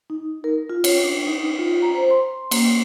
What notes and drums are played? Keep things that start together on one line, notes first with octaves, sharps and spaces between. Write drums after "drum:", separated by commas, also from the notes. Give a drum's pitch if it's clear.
D#4
A#4
F4
C#5, drum: cymbal
D4
D#4
F4
A#5
C5
C6
A#3, drum: cymbal